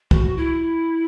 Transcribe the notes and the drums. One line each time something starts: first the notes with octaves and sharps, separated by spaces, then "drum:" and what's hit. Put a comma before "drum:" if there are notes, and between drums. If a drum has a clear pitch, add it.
F#4, drum: kick
E4